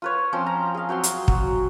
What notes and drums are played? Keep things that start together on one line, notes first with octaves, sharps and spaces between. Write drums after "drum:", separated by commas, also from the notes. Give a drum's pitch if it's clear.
F4 B4 C#5
F3 C4 C#4 C6
A#5
G#4 F5
F#3 C4 F5 C6
drum: hi-hat
F#3, drum: kick